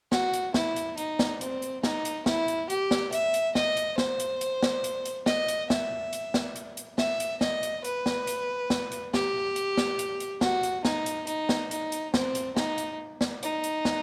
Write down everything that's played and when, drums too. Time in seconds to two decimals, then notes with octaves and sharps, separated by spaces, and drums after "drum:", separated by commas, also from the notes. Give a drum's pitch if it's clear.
0.12 F#4, drum: snare
0.33 drum: hi-hat
0.54 E4, drum: snare
0.76 drum: hi-hat
0.98 D#4, drum: hi-hat
1.19 drum: snare
1.41 C4, drum: hi-hat
1.62 drum: hi-hat
1.84 D#4, drum: snare
2.05 drum: hi-hat
2.26 E4, drum: snare
2.48 drum: hi-hat
2.70 G4, drum: hi-hat
2.91 drum: snare
3.12 E5, drum: hi-hat
3.34 drum: hi-hat
3.55 D#5, drum: snare
3.77 drum: hi-hat
3.98 C5, drum: snare
4.20 drum: hi-hat
4.41 drum: hi-hat
4.63 drum: snare
4.84 drum: hi-hat
5.05 drum: hi-hat
5.26 D#5, drum: snare
5.48 drum: hi-hat
5.70 E5, drum: snare
6.13 drum: hi-hat
6.34 drum: snare
6.56 drum: hi-hat
6.77 drum: hi-hat
6.98 E5, drum: snare
7.20 drum: hi-hat
7.41 D#5, drum: snare
7.63 drum: hi-hat
7.84 B4, drum: hi-hat
8.06 drum: snare
8.27 drum: hi-hat
8.70 drum: snare
8.92 drum: hi-hat
9.14 G4, drum: snare
9.56 drum: hi-hat
9.77 drum: snare
9.99 drum: hi-hat
10.20 drum: hi-hat
10.41 F#4, drum: snare
10.63 drum: hi-hat
10.85 D#4, drum: snare
11.06 drum: hi-hat
11.27 D#4, drum: hi-hat
11.49 drum: snare
11.71 D#4, drum: hi-hat
11.92 drum: hi-hat
12.14 C4, drum: snare
12.35 drum: hi-hat
12.57 D#4, drum: snare
12.78 drum: hi-hat
13.21 drum: snare
13.43 D#4, drum: hi-hat
13.64 drum: hi-hat
13.85 drum: snare